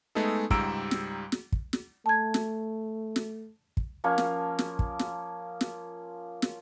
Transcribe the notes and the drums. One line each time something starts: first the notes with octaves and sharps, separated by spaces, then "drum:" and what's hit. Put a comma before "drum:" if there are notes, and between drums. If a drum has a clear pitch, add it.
G#3 A3 B3 D#4 G#4 A4
C#2 G#2 G3 A#5 E6 D7, drum: kick
drum: snare
drum: snare
drum: kick
drum: snare
A3 A5 G#6
drum: snare
drum: snare
drum: kick
F3 A#3 C#4
drum: snare
drum: snare
drum: kick
drum: snare
drum: snare
drum: snare